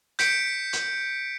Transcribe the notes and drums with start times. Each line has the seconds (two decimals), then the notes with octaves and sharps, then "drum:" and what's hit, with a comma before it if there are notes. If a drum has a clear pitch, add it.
0.19 G6 B6 C#7 D7, drum: hi-hat
0.73 drum: hi-hat